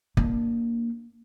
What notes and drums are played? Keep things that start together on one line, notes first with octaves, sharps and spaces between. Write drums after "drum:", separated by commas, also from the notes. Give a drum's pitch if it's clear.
A#3 D4, drum: kick